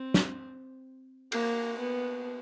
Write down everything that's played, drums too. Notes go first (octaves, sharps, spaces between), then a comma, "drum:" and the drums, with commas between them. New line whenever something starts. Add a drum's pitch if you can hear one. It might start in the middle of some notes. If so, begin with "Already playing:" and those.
Already playing: C4
drum: snare
A#3, drum: cymbal
B3